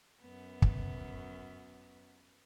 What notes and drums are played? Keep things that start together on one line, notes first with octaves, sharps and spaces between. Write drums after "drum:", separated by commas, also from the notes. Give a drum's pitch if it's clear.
F#2 B3
drum: kick